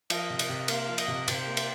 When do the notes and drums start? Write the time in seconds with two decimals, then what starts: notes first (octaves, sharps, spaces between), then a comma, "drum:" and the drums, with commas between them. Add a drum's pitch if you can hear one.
0.10 F3 A#4 D#5, drum: cymbal
0.30 C3
0.39 drum: cymbal
0.49 C3
0.68 A#3 C5 F5, drum: cymbal
0.89 F3
0.98 A#4 D#5, drum: cymbal
1.08 C3
1.28 C3 G4 C5, drum: cymbal
1.47 A#3
1.57 drum: cymbal